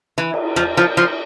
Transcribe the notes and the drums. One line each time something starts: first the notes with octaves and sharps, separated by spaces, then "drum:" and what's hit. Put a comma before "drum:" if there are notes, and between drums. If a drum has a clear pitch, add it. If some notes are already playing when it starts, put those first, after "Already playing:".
E3
drum: cymbal
F3, drum: rim click
F3
F3